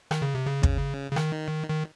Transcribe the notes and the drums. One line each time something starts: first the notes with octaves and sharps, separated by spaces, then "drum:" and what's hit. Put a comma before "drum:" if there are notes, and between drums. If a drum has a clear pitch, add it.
D#3, drum: rim click
C#3
C3
C#3
drum: kick
C#3
D#3, drum: rim click
D#3